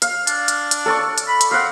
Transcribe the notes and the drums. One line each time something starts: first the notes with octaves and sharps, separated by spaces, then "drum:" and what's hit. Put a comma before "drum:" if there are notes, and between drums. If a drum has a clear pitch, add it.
F5, drum: hi-hat
D4, drum: hi-hat
drum: hi-hat
drum: hi-hat
A4 D5 C#6
drum: hi-hat
B5
drum: hi-hat
C4 F5 F#5